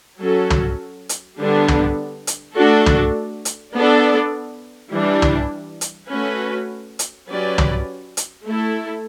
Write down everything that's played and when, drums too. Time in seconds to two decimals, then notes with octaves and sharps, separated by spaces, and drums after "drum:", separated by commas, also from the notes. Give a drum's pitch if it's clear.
0.21 F#3 C#4 F#4 A4
0.50 drum: tom
1.09 drum: hi-hat
1.39 D3 G3 B3 D4
1.68 drum: tom
2.27 drum: hi-hat
2.57 A3 D4 F#4 A4
2.86 drum: tom
3.45 drum: hi-hat
3.75 B3 D4 A4 D5
4.93 E3 G3 D4
5.22 drum: tom
5.81 drum: hi-hat
6.10 A3 C#4 F#4 B4
6.99 drum: hi-hat
7.29 F#3 C#4 G4 B4 D5
7.58 drum: tom
8.17 drum: hi-hat
8.46 A3 E4 A4